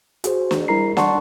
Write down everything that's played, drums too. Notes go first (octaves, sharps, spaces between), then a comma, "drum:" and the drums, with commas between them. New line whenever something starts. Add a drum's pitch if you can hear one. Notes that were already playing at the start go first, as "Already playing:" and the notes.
F#4 G#4 C5, drum: hi-hat
drum: snare
G3 E4 A#4 A#5 C7
D5 F#5 A5 C6 C#6, drum: snare